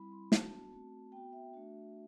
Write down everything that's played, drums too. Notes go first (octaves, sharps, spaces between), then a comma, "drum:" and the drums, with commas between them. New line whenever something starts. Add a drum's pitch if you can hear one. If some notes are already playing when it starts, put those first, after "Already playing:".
Already playing: G3 C4 E4 B5
C6
B3 D4 F#4 A5, drum: snare
A3 C4 F#4
B3 F#4 G5
E5
A3 D4 F#4